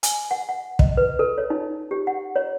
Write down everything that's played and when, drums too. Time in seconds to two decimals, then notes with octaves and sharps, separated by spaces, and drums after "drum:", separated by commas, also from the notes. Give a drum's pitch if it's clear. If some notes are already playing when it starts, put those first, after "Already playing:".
0.03 G#5, drum: hi-hat
0.31 F#5
0.49 F#5
0.79 D#5, drum: kick
0.97 B4
1.19 A4
1.38 C#5
1.50 D#4
1.91 G4
2.07 F#5
2.36 C#5